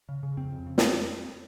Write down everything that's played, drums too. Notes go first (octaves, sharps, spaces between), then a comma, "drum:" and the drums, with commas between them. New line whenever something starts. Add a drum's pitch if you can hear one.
C#3
C#3
F2 C4
F2
C#3
drum: snare